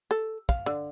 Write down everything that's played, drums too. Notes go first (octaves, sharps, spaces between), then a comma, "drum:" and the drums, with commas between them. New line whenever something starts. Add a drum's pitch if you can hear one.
A4
F5, drum: kick
D3